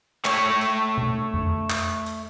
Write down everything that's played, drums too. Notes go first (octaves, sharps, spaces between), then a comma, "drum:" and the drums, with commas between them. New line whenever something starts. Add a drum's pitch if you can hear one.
A3 C#5, drum: clap
drum: hi-hat
drum: tom B2
drum: tom F2
drum: clap
drum: hi-hat